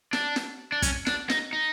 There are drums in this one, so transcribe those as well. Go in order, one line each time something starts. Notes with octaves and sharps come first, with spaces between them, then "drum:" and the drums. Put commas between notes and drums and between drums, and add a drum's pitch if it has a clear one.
D4, drum: snare
drum: snare
D4
C#4, drum: kick, hi-hat
D4, drum: snare
D#4, drum: snare
D#4